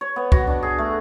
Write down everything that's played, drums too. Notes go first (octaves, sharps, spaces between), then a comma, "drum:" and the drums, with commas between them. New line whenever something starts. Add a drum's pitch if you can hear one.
C#5
B3
F#4, drum: kick C2
D4
G#4
A3